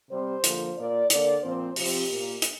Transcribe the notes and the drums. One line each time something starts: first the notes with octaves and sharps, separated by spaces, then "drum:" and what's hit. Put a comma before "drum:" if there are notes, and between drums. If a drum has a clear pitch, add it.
C3 G3 C4 C5
D3 F3 A#3, drum: hi-hat
A#2 A#3 D5
D3 A#3 D5, drum: hi-hat
A#2 F3 C4 C5
C3 F3 C4 G4, drum: open hi-hat
A#2 A#3
drum: hi-hat